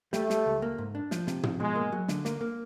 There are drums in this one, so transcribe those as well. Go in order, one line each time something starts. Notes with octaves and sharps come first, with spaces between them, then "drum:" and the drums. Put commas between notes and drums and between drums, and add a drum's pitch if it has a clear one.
G3 A3, drum: snare
G3, drum: snare
C#2
A#3
G#2
D4
F3, drum: snare
C3, drum: snare
F3, drum: tom
B2 G#3
A#3
F#3
D3, drum: snare
A#3, drum: snare
A#3